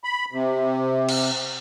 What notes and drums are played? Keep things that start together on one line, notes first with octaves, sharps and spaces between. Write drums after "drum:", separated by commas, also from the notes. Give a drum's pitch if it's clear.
B5
C3
drum: cymbal